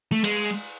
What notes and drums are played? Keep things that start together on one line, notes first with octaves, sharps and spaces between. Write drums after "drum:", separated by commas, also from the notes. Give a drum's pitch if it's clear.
A3
G#3, drum: cymbal